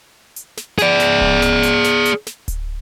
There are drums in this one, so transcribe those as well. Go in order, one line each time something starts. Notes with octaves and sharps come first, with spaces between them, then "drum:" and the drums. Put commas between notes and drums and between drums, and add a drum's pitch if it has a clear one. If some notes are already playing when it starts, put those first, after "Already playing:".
drum: hi-hat
drum: snare
G#4 D5, drum: hi-hat
drum: snare
drum: kick D1
drum: snare
drum: hi-hat
drum: snare
drum: hi-hat
drum: snare
drum: kick D1, hi-hat